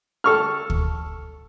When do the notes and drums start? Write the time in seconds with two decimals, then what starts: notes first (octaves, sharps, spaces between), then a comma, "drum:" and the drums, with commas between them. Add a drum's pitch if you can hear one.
0.24 A4 C#6 F6
0.70 drum: kick D2